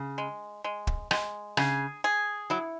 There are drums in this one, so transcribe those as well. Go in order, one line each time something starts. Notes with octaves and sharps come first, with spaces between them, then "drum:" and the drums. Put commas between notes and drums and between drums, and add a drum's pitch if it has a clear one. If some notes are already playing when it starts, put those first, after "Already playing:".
Already playing: C#3
G#3
G#3
drum: kick
G#3, drum: rim click
C#3 G#4, drum: rim click
G#4
F#3 E4